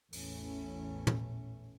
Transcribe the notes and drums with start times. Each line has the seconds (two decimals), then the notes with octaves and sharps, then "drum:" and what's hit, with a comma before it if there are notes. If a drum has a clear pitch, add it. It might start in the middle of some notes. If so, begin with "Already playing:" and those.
0.13 A1 E2 E3 A3 C#4, drum: open hi-hat
1.07 drum: tom